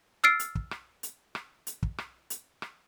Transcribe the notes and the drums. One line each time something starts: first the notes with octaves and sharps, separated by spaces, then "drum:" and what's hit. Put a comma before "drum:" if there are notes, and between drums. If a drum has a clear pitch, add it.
E6 F6 A6 C7 D7
drum: hi-hat
drum: kick
drum: rim click
drum: hi-hat
drum: rim click
drum: hi-hat
drum: kick
drum: rim click
drum: hi-hat
drum: rim click